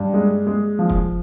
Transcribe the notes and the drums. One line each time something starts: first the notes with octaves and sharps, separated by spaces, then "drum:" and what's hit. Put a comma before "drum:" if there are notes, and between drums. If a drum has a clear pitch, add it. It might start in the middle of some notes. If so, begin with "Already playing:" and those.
Already playing: G2
G#3
G#3
F3
drum: kick